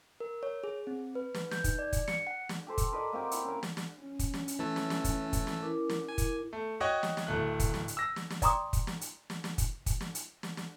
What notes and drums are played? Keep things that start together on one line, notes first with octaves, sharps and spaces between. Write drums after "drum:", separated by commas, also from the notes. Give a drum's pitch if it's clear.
A#4
C#5
G#4
C4
B4
B4, drum: snare
G6, drum: snare
D#4, drum: kick, hi-hat
D5
drum: kick, hi-hat
C#7, drum: snare
F#5
drum: snare
G4 A4 C5 A5
drum: kick, hi-hat
A#4 B4 D5 D#5
A#3 C4 F#4 G4
E4, drum: hi-hat
C#4 A#4
drum: snare
drum: snare
C#4
drum: kick, hi-hat
drum: snare
drum: hi-hat
E3 A3 A4
drum: snare
drum: snare
drum: kick, hi-hat
drum: kick, hi-hat
drum: snare
E4 A#4 D6
drum: snare
G#5
drum: kick, hi-hat
A3
F#4 C#5 D#5 G5
drum: snare
drum: snare
D1 A3 F#6
drum: kick, hi-hat
drum: snare
drum: hi-hat
E6 A#6
drum: snare
drum: snare
D5 G5 A#5 C6 D6 D#6, drum: kick, hi-hat
drum: kick, hi-hat
drum: snare
drum: hi-hat
drum: snare
drum: snare
drum: kick, hi-hat
drum: kick, hi-hat
drum: snare
drum: hi-hat
drum: snare
drum: snare